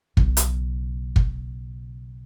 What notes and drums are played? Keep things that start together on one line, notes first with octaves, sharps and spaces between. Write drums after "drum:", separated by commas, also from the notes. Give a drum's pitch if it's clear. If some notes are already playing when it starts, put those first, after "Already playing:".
B1 C#3, drum: kick
drum: hi-hat
drum: kick